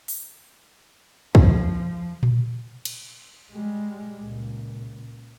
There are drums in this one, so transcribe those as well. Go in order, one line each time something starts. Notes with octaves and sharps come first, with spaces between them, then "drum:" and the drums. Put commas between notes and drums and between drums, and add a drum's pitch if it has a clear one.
drum: open hi-hat
F3, drum: kick
drum: tom A#2
drum: cymbal
G3 G#3
C#2 A#2